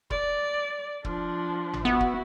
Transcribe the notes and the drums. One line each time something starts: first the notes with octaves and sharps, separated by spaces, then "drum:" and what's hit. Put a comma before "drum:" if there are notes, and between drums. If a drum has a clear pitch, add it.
D5, drum: kick
F3 D4, drum: kick
drum: tom G#1
B3 E4 F#4
drum: kick